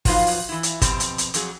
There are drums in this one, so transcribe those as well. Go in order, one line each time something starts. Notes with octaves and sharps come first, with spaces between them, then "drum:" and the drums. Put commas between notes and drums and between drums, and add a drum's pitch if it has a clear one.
F3 F#3 D#4 F4 B4 F5, drum: kick, open hi-hat
drum: open hi-hat
E3 E4
drum: hi-hat
F2 B2 C4 G4, drum: kick, hi-hat
drum: hi-hat
drum: hi-hat
F2 F#3 G#4, drum: hi-hat